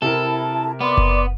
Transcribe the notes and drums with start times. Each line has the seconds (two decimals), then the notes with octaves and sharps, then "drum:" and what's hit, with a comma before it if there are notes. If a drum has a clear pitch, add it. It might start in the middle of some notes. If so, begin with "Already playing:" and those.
0.02 C3 E4 A4 A#4 A5
0.81 B3 D5 C6 D6
0.97 drum: kick F#1